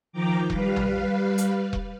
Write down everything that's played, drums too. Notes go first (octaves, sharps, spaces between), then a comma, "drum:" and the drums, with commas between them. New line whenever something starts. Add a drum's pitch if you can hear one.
D#3 F3 G5 A#5 D6
G3 B4 F5, drum: kick E1
drum: tom
drum: hi-hat
drum: kick E1